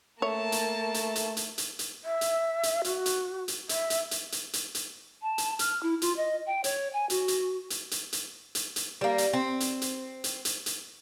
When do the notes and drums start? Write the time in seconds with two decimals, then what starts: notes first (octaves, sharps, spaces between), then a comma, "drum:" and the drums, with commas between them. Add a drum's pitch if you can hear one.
0.22 A3 A#3 C#5 A5
0.52 drum: hi-hat
0.94 drum: hi-hat
1.16 drum: hi-hat
1.37 drum: hi-hat
1.58 drum: hi-hat
1.79 drum: hi-hat
2.04 E5
2.21 drum: hi-hat
2.63 drum: hi-hat
2.84 F#4, drum: hi-hat
3.06 drum: hi-hat
3.48 drum: hi-hat
3.69 E5, drum: hi-hat
3.90 drum: hi-hat
4.11 drum: hi-hat
4.32 drum: hi-hat
4.53 drum: hi-hat
4.75 drum: hi-hat
5.22 A5
5.38 drum: hi-hat
5.59 F6, drum: hi-hat
5.83 E4
6.02 F4, drum: hi-hat
6.17 D#5
6.46 G5
6.64 C#5, drum: hi-hat
6.93 G#5
7.10 F#4, drum: hi-hat
7.28 drum: hi-hat
7.70 drum: hi-hat
7.91 drum: hi-hat
8.13 drum: hi-hat
8.55 drum: hi-hat
8.76 drum: hi-hat
9.01 G3 A#3
9.18 drum: hi-hat
9.33 C4
9.60 drum: hi-hat
9.82 drum: hi-hat
10.24 drum: hi-hat
10.45 drum: hi-hat
10.66 drum: hi-hat